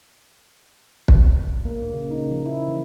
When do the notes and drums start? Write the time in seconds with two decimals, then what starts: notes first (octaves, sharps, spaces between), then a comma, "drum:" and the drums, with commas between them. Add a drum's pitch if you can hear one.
1.08 drum: kick
1.65 A#3
1.80 A#2
1.93 C#3
2.11 D#4
2.31 F3
2.46 E4
2.68 E3